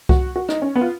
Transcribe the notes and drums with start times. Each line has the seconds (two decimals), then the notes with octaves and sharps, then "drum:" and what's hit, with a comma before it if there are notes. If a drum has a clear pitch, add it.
0.09 F#4, drum: kick C2
0.36 F#4
0.49 D#4, drum: rim click
0.62 C#4
0.75 B3
0.81 F4